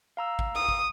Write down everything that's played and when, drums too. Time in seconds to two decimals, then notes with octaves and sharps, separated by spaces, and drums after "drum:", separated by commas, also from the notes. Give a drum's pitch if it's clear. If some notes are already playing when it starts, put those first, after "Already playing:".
0.17 F5 A#5 E6
0.39 drum: kick G#1
0.55 D#6
0.68 drum: kick G#1